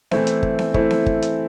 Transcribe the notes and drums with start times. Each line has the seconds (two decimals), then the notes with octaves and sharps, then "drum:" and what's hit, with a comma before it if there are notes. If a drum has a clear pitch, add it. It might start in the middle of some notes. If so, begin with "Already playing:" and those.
0.11 E3 A3 C4 E4, drum: snare B3
0.27 drum: hi-hat
0.43 drum: kick G1
0.59 drum: snare B3
0.74 E3 A3 C4 E4, drum: kick G1
0.90 drum: snare B3
1.06 drum: kick G1
1.22 drum: hi-hat